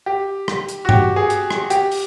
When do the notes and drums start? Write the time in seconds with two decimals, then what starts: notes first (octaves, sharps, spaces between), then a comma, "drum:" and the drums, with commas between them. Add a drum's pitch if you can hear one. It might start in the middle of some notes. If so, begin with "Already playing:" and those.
0.06 G4
0.48 drum: rim click
0.68 drum: hi-hat
0.85 F#4
0.89 G4, drum: tom G2
1.16 G#4
1.30 drum: hi-hat
1.50 drum: rim click
1.70 G4, drum: hi-hat
1.91 drum: open hi-hat